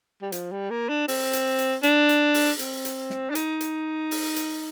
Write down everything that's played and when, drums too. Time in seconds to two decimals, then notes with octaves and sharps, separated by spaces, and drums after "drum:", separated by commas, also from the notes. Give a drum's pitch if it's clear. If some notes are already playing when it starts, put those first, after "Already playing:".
0.22 G3
0.32 F3, drum: hi-hat
0.52 G3
0.70 A#3
0.89 D4
1.08 C4, drum: open hi-hat
1.33 drum: hi-hat
1.58 drum: hi-hat
1.83 D4, drum: hi-hat
2.09 drum: hi-hat
2.34 drum: open hi-hat
2.59 C4, drum: hi-hat
2.85 drum: hi-hat
3.10 drum: snare
3.30 D4
3.35 D#4, drum: hi-hat
3.61 drum: hi-hat
4.11 drum: open hi-hat
4.36 drum: hi-hat